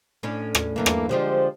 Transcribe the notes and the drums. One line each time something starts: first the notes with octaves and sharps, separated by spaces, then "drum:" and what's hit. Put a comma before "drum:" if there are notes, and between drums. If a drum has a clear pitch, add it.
A2 C#4 D4
drum: rim click
G2 E3 A3 A#3 D4
drum: rim click
D3 F3 G#3 D4 G4 C5